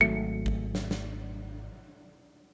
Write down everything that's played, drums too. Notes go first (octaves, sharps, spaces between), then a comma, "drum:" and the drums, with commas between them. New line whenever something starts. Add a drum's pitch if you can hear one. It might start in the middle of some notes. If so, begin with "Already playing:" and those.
G#1 F#3 A3 C#7
drum: kick
drum: snare
drum: snare